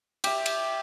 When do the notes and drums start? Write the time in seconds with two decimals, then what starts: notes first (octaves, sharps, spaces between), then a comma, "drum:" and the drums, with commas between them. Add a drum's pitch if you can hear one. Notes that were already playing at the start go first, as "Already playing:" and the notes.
0.24 G4 E5, drum: cymbal
0.46 drum: cymbal